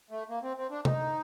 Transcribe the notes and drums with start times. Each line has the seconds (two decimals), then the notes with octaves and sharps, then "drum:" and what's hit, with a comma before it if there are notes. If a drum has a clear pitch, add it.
0.11 A3
0.29 A#3
0.43 C4
0.57 C4
0.71 D4
0.85 D#4, drum: tom